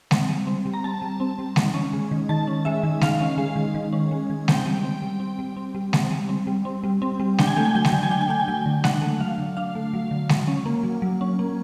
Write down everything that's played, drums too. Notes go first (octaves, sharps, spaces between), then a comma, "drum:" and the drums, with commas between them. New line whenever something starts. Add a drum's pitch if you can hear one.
C4, drum: snare G#3
G3
C4
G3
A#5
C4 A5
G3
C4
G3
D#3, drum: snare G#3
C#4
G#3
D#3
D#3 A5
C#4
G#3 E5
D#3
D#3 F5, drum: snare G#3
C#4
G#3
D#3
D#3
C#4
G#3
D#3
C4 G5, drum: snare G#3
G3
C4
G3
C4
G3
C4
G3
C4, drum: snare G#3
G3
C4
G3
C4
G3
C4
G3
D4 G5, drum: snare G#3
G#5
A3 G5
G#5
F#3 G5
G#5, drum: snare G#3
D3 G5
G#5
D4 G5
G#5
A3 G5
G#5
F#3 G5
D3
D4 F#5, drum: snare G#3
A3
F#3 F5
D3
D4 F5
A3
F#3
D3
F#3, drum: snare G#3
C#4
A#3
F#3
F#3
C#4
A#3